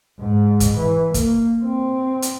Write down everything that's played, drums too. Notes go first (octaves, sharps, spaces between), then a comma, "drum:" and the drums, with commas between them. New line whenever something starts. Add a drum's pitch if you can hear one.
G#2
drum: kick, hi-hat
E3
A#3, drum: kick, hi-hat
C4
drum: hi-hat